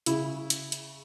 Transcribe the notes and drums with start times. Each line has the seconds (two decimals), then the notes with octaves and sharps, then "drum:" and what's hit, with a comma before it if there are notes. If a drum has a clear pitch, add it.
0.06 C#3 E4, drum: hi-hat
0.50 drum: hi-hat
0.72 drum: hi-hat